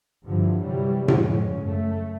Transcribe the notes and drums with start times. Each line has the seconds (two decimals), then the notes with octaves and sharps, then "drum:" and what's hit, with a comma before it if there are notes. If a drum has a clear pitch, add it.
0.25 G2 D3 E3 F3
0.62 C3 E3 F#3 G3
1.08 F2 C#3 G#3 C#4, drum: tom A2
1.60 F#2 A3